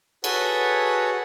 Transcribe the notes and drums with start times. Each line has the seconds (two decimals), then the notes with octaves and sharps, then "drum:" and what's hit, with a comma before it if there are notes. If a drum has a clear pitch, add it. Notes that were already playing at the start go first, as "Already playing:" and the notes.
0.24 F#4 G#4 A4 B4 C#5 F#5, drum: cymbal